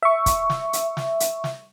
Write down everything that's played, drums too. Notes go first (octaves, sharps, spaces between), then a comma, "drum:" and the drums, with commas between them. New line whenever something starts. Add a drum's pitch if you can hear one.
E5 C#6
drum: kick, hi-hat
drum: snare
drum: hi-hat
drum: snare
drum: hi-hat
drum: snare